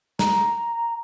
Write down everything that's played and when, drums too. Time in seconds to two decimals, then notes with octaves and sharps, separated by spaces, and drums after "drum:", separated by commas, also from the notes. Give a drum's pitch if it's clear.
0.19 A#5, drum: snare